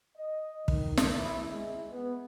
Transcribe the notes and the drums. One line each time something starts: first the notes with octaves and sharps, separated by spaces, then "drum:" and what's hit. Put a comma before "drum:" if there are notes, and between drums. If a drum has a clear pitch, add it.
D#5
D#3, drum: kick
drum: snare
E4
G#3
B3